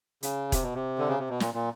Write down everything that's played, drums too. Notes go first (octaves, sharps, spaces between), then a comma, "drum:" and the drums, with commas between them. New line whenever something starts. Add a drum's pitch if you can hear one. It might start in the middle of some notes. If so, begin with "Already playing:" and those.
C#3, drum: hi-hat
C3, drum: kick E1, hi-hat
B2
C3
D3
C#3
C3
B2
A#2, drum: snare
A#2